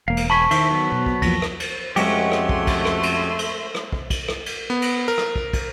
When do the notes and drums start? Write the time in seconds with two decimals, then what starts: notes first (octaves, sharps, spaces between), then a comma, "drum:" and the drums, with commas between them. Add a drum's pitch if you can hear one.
0.08 E1 A#3 F5
0.17 drum: cymbal
0.30 G#5 A5 B5 C#6 B6
0.51 D#3 E4 C5 E5, drum: cymbal
0.71 F#3 B3
0.92 B2
1.06 drum: kick
1.22 E2 F3 A#3 A#6, drum: kick, cymbal
1.42 drum: rim click
1.60 drum: cymbal
1.96 F2 G#3 A3 C#4 F#4 G4 C6, drum: cymbal
2.31 drum: rim click
2.49 drum: kick
2.67 drum: kick, cymbal
2.85 drum: rim click
3.03 drum: cymbal
3.39 drum: cymbal
3.75 drum: rim click
3.92 drum: kick
4.10 drum: kick, cymbal
4.28 drum: rim click
4.46 drum: cymbal
4.70 B3
4.82 drum: cymbal
5.08 A#4
5.18 drum: rim click
5.36 drum: kick
5.53 drum: kick, cymbal